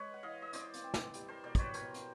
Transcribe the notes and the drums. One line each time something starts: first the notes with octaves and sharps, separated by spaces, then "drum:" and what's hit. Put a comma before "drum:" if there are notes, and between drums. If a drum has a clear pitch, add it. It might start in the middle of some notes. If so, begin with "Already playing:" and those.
Already playing: G#3 B4 C#5
F#5
E3 D#5 F5
D#5
E3 C5 D5, drum: hi-hat
drum: hi-hat
C4
drum: snare
G3, drum: hi-hat
A#4 C5
B2 C5 D5
B4 C#5 D5, drum: kick, hi-hat
B2 A#4 C5, drum: hi-hat
drum: hi-hat